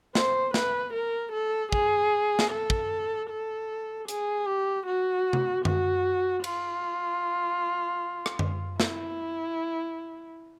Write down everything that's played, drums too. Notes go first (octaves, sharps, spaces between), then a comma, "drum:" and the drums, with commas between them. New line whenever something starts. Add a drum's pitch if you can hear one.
C5, drum: snare
B4, drum: snare
A#4
A4
G#4, drum: kick
drum: snare
A4
drum: kick
A4
G#4, drum: hi-hat
G4
F#4
drum: tom C3
F#4, drum: tom F#2
F4, drum: cymbal
drum: rim click
drum: tom F#2
E4, drum: snare